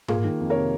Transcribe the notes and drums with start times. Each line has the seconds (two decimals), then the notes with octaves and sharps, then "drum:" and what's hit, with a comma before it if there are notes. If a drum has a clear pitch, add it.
0.08 A#3 F4 G#4, drum: tom G#2
0.24 D#3
0.40 F2
0.50 A#4 C#5
0.55 C3